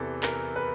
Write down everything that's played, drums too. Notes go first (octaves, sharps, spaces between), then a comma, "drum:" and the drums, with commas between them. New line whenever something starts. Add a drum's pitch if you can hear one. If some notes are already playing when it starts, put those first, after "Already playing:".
Already playing: E2 C3 E3 A4
A#4, drum: clap
B4